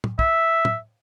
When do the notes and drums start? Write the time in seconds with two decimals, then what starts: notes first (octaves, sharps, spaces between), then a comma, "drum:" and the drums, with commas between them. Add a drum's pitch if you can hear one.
0.04 drum: tom
0.19 E5, drum: kick
0.65 drum: tom